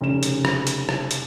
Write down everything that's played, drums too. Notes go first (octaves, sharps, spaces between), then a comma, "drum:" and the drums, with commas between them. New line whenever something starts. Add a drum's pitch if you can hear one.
F1 C#3 E7
drum: hi-hat
drum: rim click
drum: hi-hat
drum: rim click
drum: hi-hat